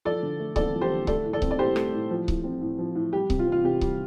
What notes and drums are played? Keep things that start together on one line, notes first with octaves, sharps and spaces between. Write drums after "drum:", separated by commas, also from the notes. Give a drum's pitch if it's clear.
F3 A4 D5
D3
A3
C4 A4 D5, drum: kick C#1
F3
G4 C5
D3
A3 A4 D5, drum: kick C#1
A2
A4 D5
C4, drum: kick C#1
D5
A2 G4 C5
A3, drum: rim click
A2
F3
A2, drum: kick C#1
C4
A2
F3
A2
G3 G4
C3, drum: kick C#1
F4
C4
F4
C3 G4
G3, drum: kick C#1